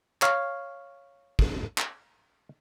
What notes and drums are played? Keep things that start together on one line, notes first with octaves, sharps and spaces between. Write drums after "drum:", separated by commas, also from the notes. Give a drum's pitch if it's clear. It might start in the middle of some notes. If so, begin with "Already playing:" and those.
C#5 F5, drum: clap
drum: kick
drum: clap